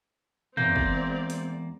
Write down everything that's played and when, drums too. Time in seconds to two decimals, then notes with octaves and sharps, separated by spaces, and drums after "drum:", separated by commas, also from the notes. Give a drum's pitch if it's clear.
0.57 E2 G#3 A#3 C4 D5 G6, drum: tom
0.76 drum: kick
1.30 drum: hi-hat